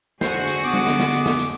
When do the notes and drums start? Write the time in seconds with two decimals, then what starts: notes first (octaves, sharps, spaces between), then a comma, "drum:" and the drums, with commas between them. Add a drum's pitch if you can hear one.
0.21 D3 F#4 G#4 C5, drum: snare
0.47 drum: hi-hat
0.64 B3 D6
0.74 drum: tom G3
0.87 drum: snare
1.00 drum: snare
1.13 drum: hi-hat
1.26 drum: snare
1.39 drum: hi-hat